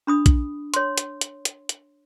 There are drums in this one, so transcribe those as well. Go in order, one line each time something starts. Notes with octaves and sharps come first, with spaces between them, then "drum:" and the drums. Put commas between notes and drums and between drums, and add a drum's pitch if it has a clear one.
D4 B5 D#6
drum: kick A#1, hi-hat
C#5 C6, drum: hi-hat
drum: hi-hat
drum: hi-hat
drum: hi-hat
drum: hi-hat